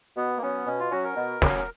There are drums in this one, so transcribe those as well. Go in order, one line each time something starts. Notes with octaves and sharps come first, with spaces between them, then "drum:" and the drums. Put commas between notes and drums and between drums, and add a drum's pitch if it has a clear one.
B2 B3
A#3
F#3 B3 C#4
B2 C#4
F4
F#3 C#4 F#4
A#4
B2
F#3 C#4, drum: snare